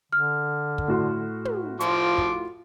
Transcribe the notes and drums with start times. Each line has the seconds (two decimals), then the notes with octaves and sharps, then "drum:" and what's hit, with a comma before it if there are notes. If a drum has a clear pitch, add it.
0.12 D3 F6
0.78 drum: kick
0.88 A2 F#4 C6
1.45 drum: tom
1.80 F3 F4 D6, drum: hi-hat
2.18 drum: kick